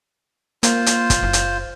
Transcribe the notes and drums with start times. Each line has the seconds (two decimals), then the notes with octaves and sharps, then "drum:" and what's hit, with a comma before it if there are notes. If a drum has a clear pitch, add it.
0.63 A#3 F4 C5, drum: hi-hat
0.86 drum: hi-hat
1.10 drum: kick, hi-hat
1.23 F#1
1.33 drum: hi-hat